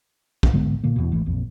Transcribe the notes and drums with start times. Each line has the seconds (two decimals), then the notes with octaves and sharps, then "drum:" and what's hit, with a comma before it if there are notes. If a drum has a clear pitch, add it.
0.43 drum: kick
0.53 G#2 D3 G#3 B3
0.84 A#2 D3 A#3
0.96 E2 B2
1.12 G#1 E3 A3
1.26 A#1 F2